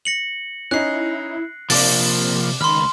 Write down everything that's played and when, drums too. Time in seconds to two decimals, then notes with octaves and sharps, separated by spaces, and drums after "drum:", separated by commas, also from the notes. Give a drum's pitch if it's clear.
0.05 A#6 C#7 F#7
0.71 C#4 D#4 E4 F#6 C7
1.70 C3 F3 A#3 D5 A6, drum: open hi-hat
2.61 C#2 D#3 B5 C6 F6